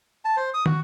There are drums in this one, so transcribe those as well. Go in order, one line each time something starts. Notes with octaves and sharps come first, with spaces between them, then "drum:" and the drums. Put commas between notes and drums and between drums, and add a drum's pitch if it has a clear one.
A5
C5
D#6
F#4, drum: tom